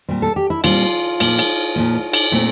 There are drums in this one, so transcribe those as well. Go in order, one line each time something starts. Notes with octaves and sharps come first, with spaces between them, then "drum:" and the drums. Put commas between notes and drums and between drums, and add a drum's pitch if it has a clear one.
A#2 G3 C4
A4
G4
E4
A#2 G3 C4 F4, drum: cymbal
A#2 F3 A#3, drum: cymbal
drum: cymbal
A#2 F3 A#3
drum: cymbal
A#2 A3 C4